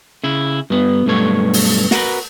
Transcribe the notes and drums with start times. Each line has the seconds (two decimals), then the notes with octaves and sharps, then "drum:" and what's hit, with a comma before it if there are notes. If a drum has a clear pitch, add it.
0.24 C#3 E4
0.70 G2 B3
1.06 B1 G2 A3 C#5
1.53 drum: open hi-hat
1.91 F#4 A#4 B4, drum: snare